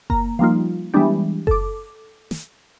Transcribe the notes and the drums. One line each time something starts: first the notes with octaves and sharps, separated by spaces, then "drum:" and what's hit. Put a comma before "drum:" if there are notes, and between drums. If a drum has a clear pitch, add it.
A#3 A#5, drum: kick F#1
F3 G3 A#3 D#4 F4
E3 G3 G#3 B3 D4 G4
A4 D6, drum: kick F#1
drum: snare